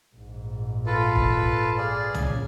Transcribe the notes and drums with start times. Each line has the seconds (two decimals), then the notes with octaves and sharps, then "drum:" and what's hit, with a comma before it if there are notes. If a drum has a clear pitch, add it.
0.13 A#1 G#2
0.86 F4 A4 B4
1.16 drum: kick
1.78 G#4 D5 F5
2.14 A#1 C#3 G#5, drum: tom